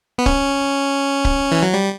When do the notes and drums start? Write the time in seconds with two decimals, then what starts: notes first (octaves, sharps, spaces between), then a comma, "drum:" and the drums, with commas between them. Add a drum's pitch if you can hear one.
0.18 B3
0.26 C#4, drum: kick C#1
1.25 drum: kick C#1
1.52 E3
1.63 F#3
1.74 G3